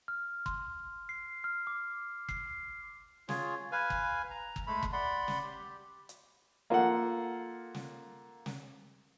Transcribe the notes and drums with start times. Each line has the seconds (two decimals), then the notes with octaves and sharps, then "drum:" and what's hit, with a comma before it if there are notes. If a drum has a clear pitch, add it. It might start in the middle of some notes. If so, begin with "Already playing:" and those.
0.08 F6
0.46 C6, drum: kick
1.09 C7
1.44 F6
1.67 D6
2.29 C7, drum: kick
3.29 F4 G#4 C#5, drum: snare
3.72 B4 F5 G#5
3.90 drum: kick
4.31 A#5
4.56 drum: kick
4.67 G#3 A3 B5
4.83 drum: kick
4.93 D5 F#5 B5 C6
5.28 drum: snare
5.44 G4
6.09 drum: hi-hat
6.70 A#3 F4 A4 F#5
7.75 drum: snare
8.46 drum: snare